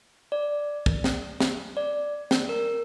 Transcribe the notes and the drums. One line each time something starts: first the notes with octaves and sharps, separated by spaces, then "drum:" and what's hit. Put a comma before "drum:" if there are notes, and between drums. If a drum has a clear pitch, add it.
D5
drum: kick
drum: snare
drum: snare
D5
drum: snare
A#4